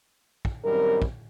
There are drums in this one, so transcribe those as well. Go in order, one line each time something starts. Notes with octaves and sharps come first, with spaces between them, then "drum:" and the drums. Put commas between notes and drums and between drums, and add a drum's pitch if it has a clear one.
drum: kick
F#2 D#3 G3 C4 A#4
drum: kick